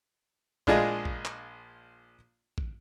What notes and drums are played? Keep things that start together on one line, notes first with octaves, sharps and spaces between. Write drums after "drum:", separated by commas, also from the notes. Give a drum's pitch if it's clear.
A#1 G#3 D4 F4 G#4 D#5, drum: kick
drum: kick
drum: clap
drum: kick